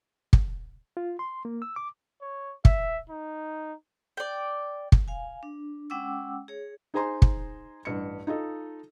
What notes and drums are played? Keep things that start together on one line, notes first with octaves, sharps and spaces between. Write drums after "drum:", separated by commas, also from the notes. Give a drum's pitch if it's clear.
drum: kick
F4
C6
A#3
E6
D6
C#5
E5, drum: kick
D#4
D5 G5
drum: kick
F5 G#5
D4
G#3 C#4 F#5 G5 D6 E6
G#4 C#5
D#4 G#4 C5 G#5 A#5 C6
drum: kick
A1 G2 C#7
D#4 F4 A4 D#5